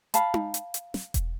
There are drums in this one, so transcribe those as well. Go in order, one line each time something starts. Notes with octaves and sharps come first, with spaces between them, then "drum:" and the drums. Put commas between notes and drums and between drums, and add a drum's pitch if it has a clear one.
F5 A5 B5, drum: hi-hat
drum: tom D#4
drum: hi-hat
drum: hi-hat
drum: snare
drum: kick E1, hi-hat